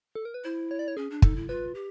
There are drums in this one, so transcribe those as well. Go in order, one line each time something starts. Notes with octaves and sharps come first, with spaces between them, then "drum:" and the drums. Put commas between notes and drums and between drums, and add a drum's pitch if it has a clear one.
A4
A#4
B4
E4 C5
C#5
D5
C#5
C#4 G#4
D4
D#4 A4, drum: kick
E4
F4 B4
G4